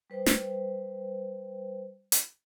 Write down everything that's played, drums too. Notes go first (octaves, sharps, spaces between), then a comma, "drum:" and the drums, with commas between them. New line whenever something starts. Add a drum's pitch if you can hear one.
G3 B4 C5 G5
drum: snare
drum: hi-hat